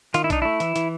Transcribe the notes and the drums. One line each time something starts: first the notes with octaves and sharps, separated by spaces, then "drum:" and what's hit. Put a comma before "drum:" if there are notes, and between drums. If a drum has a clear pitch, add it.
D#3 F4, drum: hi-hat
E4
D4 D#4, drum: kick, hi-hat
A3 E4
E3, drum: hi-hat
E3, drum: hi-hat